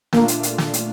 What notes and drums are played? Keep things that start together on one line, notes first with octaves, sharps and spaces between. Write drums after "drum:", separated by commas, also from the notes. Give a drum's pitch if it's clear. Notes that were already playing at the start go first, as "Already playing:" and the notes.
A#2 A3 A#3 D4 F4, drum: snare
drum: hi-hat
drum: hi-hat
drum: snare
drum: hi-hat